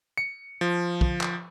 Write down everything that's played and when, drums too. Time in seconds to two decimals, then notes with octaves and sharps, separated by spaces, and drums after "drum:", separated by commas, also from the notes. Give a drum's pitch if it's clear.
0.18 C#7
0.61 F3
1.01 drum: kick
1.21 drum: clap